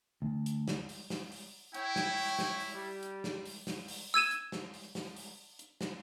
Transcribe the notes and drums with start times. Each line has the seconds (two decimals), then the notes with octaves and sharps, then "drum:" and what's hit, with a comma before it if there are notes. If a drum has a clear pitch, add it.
0.22 D2
0.46 drum: hi-hat
0.68 drum: snare
0.89 drum: open hi-hat
1.10 drum: snare
1.32 drum: open hi-hat
1.74 E4 C#5 G5, drum: hi-hat
1.96 drum: snare
2.17 drum: open hi-hat
2.39 drum: snare
2.60 drum: open hi-hat
2.72 G3
3.03 drum: hi-hat
3.24 drum: snare
3.45 drum: open hi-hat
3.67 drum: snare
3.88 drum: open hi-hat
4.14 E6 G#6 D#7 E7
4.31 drum: hi-hat
4.52 drum: snare
4.74 drum: open hi-hat
4.95 drum: snare
5.16 drum: open hi-hat
5.59 drum: hi-hat
5.81 drum: snare